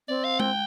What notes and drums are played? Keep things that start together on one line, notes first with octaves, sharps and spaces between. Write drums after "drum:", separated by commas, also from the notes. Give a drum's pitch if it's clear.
C4 D5
F5
G5, drum: tom G#3